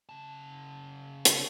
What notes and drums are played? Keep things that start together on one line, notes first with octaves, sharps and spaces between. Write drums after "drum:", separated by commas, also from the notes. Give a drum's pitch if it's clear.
C#3 A5
drum: hi-hat